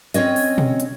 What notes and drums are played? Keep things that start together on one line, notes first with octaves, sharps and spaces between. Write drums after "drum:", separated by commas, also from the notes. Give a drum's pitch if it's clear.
C4 C#4 C#5 D#5, drum: hi-hat
drum: open hi-hat
drum: tom B2
drum: hi-hat